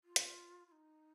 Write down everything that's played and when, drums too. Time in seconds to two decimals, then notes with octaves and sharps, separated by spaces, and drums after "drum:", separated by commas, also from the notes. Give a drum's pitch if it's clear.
0.04 F4
0.16 drum: hi-hat
0.67 F4
0.72 D#4